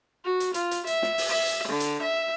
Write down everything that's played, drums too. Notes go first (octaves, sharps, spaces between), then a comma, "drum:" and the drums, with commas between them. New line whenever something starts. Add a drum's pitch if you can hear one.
F#4
drum: hi-hat
F4, drum: hi-hat
drum: hi-hat
E5, drum: hi-hat
drum: snare
drum: open hi-hat
E5
drum: hi-hat
D3
drum: hi-hat
E5